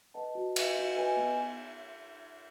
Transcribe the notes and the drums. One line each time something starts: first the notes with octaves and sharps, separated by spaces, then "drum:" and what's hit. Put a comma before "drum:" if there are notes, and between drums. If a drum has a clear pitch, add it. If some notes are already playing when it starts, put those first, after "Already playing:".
B4 D#5 F#5 A5
F#4
B4 D#5 G#5, drum: cymbal
F#4
B4 D#5 G#5
B3